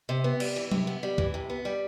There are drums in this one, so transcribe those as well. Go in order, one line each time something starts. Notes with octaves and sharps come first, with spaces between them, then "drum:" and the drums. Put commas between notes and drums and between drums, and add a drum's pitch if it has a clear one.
C3
B3
G3, drum: cymbal
E3
C3, drum: tom F#3
B3
G3
E3, drum: kick C#2
C3
B3
G3